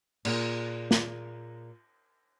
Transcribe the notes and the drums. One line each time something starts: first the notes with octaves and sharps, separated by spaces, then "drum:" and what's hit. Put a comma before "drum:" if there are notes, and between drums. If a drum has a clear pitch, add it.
A#2 G#4, drum: cymbal
drum: snare